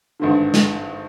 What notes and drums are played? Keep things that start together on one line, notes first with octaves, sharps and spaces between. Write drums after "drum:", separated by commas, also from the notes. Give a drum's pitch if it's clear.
G#1 G2 D3
drum: snare